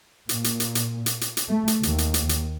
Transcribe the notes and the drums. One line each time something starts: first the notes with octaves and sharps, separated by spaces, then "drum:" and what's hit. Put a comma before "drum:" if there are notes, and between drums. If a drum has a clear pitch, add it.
A#2, drum: hi-hat
drum: hi-hat
drum: hi-hat
drum: hi-hat
drum: hi-hat
drum: hi-hat
drum: hi-hat
A3
drum: hi-hat
D#2, drum: hi-hat
drum: hi-hat
drum: hi-hat
drum: hi-hat